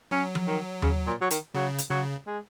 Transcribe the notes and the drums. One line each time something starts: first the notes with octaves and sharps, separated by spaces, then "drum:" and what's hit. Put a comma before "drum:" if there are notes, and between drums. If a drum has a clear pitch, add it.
F#3 C#4
drum: tom F3
D#3
C#3, drum: tom D#2
A#2
F#3
D#3, drum: hi-hat
C#3 F#3
drum: hi-hat
C#3 F#3
G#3